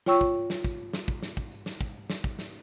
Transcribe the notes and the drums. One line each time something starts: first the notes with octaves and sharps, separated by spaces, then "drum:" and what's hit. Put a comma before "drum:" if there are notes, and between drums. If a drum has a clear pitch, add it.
F4 C#5 G5 C#6 E6, drum: snare
drum: kick
drum: snare
drum: kick, tambourine
drum: snare
drum: kick
drum: snare
drum: kick
drum: tambourine
drum: snare
drum: kick, tambourine
drum: snare
drum: kick
drum: snare